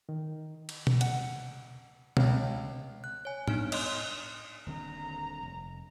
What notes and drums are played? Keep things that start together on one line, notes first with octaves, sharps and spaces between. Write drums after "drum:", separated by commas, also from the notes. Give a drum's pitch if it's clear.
D#3
drum: cymbal
drum: tom B2
F#5, drum: hi-hat
C#2, drum: tom B2
F#6
C#5 G#5
B3 D4 D#4 C#5 F6 D7, drum: tom
D#5 C6, drum: cymbal
D#1 D3 C4 A#5
F1